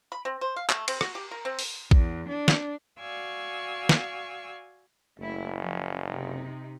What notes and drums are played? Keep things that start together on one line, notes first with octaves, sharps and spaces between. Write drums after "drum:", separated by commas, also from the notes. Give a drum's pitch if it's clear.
B5
C4
C5
F5
A3, drum: clap
C4, drum: cymbal
F#4, drum: rim click
G4
A#4
C4
drum: open hi-hat
E2, drum: kick A#1
D4
drum: snare
F#4 D5 F5 G#5 C#6 E6
drum: snare
F#1 A3 E4
F3 C#4
C3 D#4